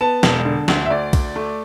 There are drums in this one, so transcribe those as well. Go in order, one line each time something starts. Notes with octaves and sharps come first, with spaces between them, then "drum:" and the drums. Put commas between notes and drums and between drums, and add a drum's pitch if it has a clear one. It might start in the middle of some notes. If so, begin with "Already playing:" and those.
B3 A5
E1, drum: snare
D3
D2, drum: snare
E5
D2 D5
D2, drum: kick, cymbal
A3